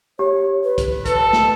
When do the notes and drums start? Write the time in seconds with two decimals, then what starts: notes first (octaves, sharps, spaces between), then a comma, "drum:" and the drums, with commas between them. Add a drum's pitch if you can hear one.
0.19 G4 C#5
0.64 B4
0.78 drum: kick, hi-hat
1.06 A4, drum: kick, hi-hat
1.33 drum: snare